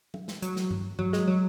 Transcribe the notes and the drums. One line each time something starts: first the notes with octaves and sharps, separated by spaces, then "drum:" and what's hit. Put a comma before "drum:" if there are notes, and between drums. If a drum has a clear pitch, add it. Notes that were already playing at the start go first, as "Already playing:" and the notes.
drum: tom
drum: snare
F#3, drum: hi-hat
drum: snare
drum: tom G2
F#3, drum: tom G2
G#3, drum: snare
F#3